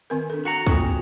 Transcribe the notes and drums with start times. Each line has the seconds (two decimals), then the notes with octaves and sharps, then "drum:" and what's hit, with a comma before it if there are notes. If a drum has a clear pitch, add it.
0.10 D#3 C4 A#4
0.30 D4 A4
0.45 F#4 F#5 A#5
0.67 A#3 C4 F4 F#4 G#4 A4, drum: kick